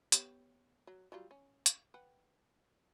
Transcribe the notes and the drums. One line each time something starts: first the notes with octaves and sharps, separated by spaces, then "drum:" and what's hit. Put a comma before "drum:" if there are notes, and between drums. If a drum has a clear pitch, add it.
B3 G4 C#5, drum: hi-hat
F#3
F#3 G3 F4
C#4
drum: hi-hat
B4 F#5 G5